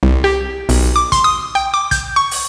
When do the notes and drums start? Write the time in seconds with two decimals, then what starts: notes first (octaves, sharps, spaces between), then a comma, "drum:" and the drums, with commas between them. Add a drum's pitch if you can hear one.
0.03 C2
0.24 G4
0.69 B1, drum: open hi-hat
0.96 D6
1.12 C6, drum: kick, hi-hat
1.24 D#6
1.55 G5
1.74 D6
1.91 G6, drum: kick, hi-hat
2.16 C#6
2.31 drum: open hi-hat